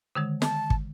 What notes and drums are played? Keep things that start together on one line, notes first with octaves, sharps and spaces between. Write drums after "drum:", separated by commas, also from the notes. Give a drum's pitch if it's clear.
D3 D#3 G#3
A5, drum: snare
drum: kick